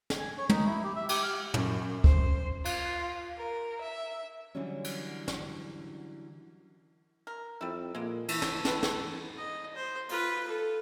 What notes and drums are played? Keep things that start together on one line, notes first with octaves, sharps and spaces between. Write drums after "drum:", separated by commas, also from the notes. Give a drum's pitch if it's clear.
drum: snare
G#5
C#5
D#4, drum: tom
E4
G4
E5
G4, drum: cymbal
F6
F#2, drum: tom
C5, drum: kick
F4, drum: cymbal
A#4
E5
D3 E3 F#3 G3 C#4
drum: cymbal
drum: snare
A#4
F2 G3 E4
A#2 G#3 A#3
E3 A3 E4, drum: cymbal
drum: snare
A3 B4 A5, drum: snare
drum: snare
D#5
C5
F4 B4, drum: open hi-hat
A4